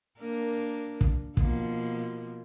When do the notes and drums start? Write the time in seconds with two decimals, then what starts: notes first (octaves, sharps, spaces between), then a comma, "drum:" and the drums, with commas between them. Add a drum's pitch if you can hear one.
0.19 A#3 D4 A#4
1.01 drum: kick
1.37 B2 F3 A#3, drum: kick